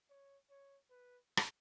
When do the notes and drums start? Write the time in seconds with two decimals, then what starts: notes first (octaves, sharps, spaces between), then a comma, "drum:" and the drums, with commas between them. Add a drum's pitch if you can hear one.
0.09 C#5
0.50 C#5
0.90 B4
1.37 drum: rim click